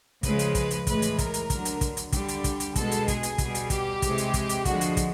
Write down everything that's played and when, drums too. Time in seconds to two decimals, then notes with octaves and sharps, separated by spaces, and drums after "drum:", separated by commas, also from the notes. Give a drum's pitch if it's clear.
0.23 C#3 F3 G#3 B4, drum: kick, hi-hat
0.39 drum: hi-hat
0.55 B4, drum: kick, hi-hat
0.71 drum: hi-hat
0.87 A2 E3 G#3 B4, drum: kick, hi-hat
1.02 drum: hi-hat
1.19 A#4, drum: kick, hi-hat
1.34 drum: hi-hat
1.50 D3 F#3, drum: kick, hi-hat
1.65 drum: hi-hat
1.81 drum: kick, hi-hat
1.97 drum: hi-hat
2.12 D3 G3 G4, drum: kick, hi-hat
2.28 drum: hi-hat
2.44 drum: kick, hi-hat
2.60 drum: hi-hat
2.76 B2 G#3 A4, drum: kick, hi-hat
2.92 drum: hi-hat
3.08 G#4, drum: kick, hi-hat
3.23 drum: hi-hat
3.38 B2 G3, drum: kick, hi-hat
3.55 drum: hi-hat
3.70 G4, drum: kick, hi-hat
4.02 C3 E3 G#3, drum: kick, hi-hat
4.18 drum: hi-hat
4.34 drum: kick, hi-hat
4.49 drum: hi-hat
4.65 D3 F3 G#3 F#4, drum: kick, hi-hat
4.81 drum: hi-hat
4.97 drum: kick, hi-hat